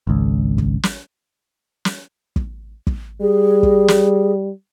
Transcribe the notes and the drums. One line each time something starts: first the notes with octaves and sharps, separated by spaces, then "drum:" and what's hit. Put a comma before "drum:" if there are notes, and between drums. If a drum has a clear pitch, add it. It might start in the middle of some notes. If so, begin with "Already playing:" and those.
G#1 C#2
drum: kick
drum: snare
drum: snare
drum: kick
drum: kick
G3 G#4
drum: kick
drum: snare